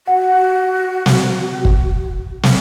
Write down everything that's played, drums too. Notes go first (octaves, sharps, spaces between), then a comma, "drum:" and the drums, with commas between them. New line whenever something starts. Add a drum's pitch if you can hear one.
F#4 F#5
drum: snare
drum: kick
drum: snare